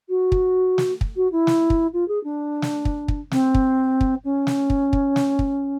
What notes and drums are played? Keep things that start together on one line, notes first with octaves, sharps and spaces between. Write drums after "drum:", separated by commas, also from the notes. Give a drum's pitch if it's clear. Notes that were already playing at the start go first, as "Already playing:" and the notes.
F#4
drum: kick
drum: snare
drum: kick
F#4
E4
drum: snare
drum: kick
F4
G#4
D4
drum: snare
drum: kick
drum: kick
C4, drum: snare
drum: kick
drum: kick
C#4
drum: snare
drum: kick
drum: kick
drum: snare
drum: kick